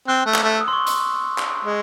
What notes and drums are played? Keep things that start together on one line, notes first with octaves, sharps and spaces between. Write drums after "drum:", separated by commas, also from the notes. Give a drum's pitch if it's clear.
C4 F#6
A3
E6, drum: clap
A3
D#6
C6
C#6
C6, drum: hi-hat
drum: clap
G#3